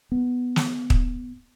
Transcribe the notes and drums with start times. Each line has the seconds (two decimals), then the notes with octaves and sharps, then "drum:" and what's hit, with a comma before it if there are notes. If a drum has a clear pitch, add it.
0.12 B3
0.56 drum: snare
0.90 drum: kick